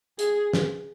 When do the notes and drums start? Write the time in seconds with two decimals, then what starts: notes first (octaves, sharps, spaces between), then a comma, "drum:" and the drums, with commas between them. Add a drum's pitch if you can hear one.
0.19 G#4, drum: hi-hat
0.53 drum: snare